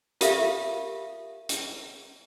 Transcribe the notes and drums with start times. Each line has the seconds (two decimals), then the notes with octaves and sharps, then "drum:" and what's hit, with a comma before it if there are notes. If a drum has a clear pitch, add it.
0.21 F4 G4 A4 A#4 E5 F5, drum: hi-hat
1.49 drum: hi-hat